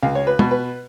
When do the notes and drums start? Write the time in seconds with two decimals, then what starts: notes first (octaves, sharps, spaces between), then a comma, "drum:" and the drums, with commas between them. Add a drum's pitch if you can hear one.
0.03 C#2 F5
0.15 C#5
0.27 B4
0.39 B2, drum: tom
0.51 B4